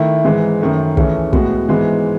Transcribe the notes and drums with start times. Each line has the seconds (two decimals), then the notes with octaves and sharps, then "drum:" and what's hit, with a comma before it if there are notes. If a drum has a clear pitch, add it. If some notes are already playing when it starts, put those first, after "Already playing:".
Already playing: D#3 A3 E4
0.25 G#2 E3 G#3
0.61 F#2 D#3 A3
0.97 E3 A3 C#4 G#4, drum: kick
1.33 A2 G#3 B3 F#4, drum: kick
1.69 G#2 E3 G#3 B3